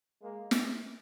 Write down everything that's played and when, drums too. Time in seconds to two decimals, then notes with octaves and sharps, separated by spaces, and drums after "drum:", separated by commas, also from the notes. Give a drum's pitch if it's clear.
0.21 G#3 A#3
0.51 drum: snare